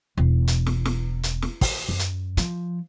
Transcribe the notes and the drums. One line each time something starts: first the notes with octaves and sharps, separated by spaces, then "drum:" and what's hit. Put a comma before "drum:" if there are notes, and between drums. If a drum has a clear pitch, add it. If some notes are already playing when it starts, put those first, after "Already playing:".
E1
drum: hi-hat
drum: snare
drum: snare
drum: hi-hat
drum: snare
drum: kick, open hi-hat
F#2
drum: hi-hat
F3, drum: hi-hat